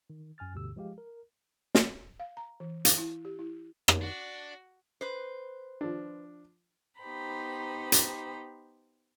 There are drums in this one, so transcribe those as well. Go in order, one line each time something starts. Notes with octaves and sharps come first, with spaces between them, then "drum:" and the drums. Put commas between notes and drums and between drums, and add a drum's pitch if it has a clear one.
D#3
F#2 G#5 F6 A6
D2 G2 B2 D3 G4 E6
F3 G#3 G4 F5
A#4
drum: snare
F5
A#5
E3
F5, drum: hi-hat
E4
G4
E4
drum: rim click
D4 F#4
B4 C5
F3 D4
B3 D#4 G4 C5 A#5 B5
drum: hi-hat